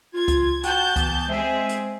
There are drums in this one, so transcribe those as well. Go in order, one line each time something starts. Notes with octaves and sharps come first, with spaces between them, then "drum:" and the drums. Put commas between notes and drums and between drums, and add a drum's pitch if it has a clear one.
F4 G#6
drum: kick C#2, hi-hat
F#4 F#5 G5 A5 G6, drum: hi-hat
E3 B3, drum: kick C#2, hi-hat
G#3 C4 G#4 C5 E5
drum: hi-hat